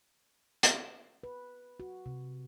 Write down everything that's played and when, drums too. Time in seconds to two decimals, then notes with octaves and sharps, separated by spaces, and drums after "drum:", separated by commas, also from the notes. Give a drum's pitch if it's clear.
0.63 drum: hi-hat
1.23 B4
1.80 F#4
2.06 C3